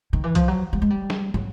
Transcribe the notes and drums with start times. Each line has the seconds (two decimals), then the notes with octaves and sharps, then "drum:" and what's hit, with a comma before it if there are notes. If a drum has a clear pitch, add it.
0.13 D#3
0.24 E3
0.35 F3, drum: kick, hi-hat
0.48 F#3
0.73 G3
0.82 G#3
0.90 G3
1.10 drum: snare
1.34 F#3, drum: tom